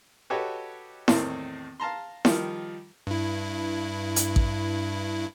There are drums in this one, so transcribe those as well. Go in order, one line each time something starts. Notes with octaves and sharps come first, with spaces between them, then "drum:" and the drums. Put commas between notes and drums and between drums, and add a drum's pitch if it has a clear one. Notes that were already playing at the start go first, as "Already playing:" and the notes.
F#4 G4 A4 B4 C#5 D#5
E2 A2 D#3 C4, drum: snare E4
F5 A5 A#5 C6
D#3 F3 G3, drum: snare E4
G2 E4
drum: hi-hat
drum: kick A1